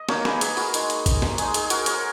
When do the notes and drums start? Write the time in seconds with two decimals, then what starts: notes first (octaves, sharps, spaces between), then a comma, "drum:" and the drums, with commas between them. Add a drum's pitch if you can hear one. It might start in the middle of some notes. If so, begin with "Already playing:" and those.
Already playing: D#5
0.09 A#3 D#4 A#4 C#5, drum: snare
0.25 G#4 B4, drum: snare
0.41 G#4 B4, drum: hi-hat
0.57 F#4 A#4, drum: open hi-hat
0.74 G#3 D#4, drum: hi-hat
0.90 drum: hi-hat
1.06 drum: kick, hi-hat
1.22 drum: snare
1.38 G#3 D#4 G#4, drum: hi-hat
1.54 G#4, drum: hi-hat
1.70 F#4 A#4, drum: hi-hat
1.86 A#4 C#5, drum: hi-hat